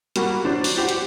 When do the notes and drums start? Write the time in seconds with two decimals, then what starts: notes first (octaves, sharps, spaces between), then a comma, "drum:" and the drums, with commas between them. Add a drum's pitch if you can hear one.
0.16 G3 A#3 F#4, drum: hi-hat
0.44 F#3 D4 C5
0.64 drum: open hi-hat
0.78 G4 C5 F#5
0.89 drum: hi-hat